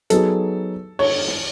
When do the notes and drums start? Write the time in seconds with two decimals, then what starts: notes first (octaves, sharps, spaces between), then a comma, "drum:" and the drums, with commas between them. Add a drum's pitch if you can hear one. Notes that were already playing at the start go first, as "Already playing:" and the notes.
0.10 F#3 B3 D#4 G#4 A4, drum: hi-hat
0.99 C#5, drum: cymbal
1.28 drum: snare